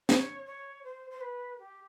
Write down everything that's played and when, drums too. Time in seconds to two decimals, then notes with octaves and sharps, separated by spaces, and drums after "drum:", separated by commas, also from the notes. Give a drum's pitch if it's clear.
0.09 C#5, drum: snare
0.46 C#5
0.84 C5
1.11 C5
1.21 B4
1.59 G4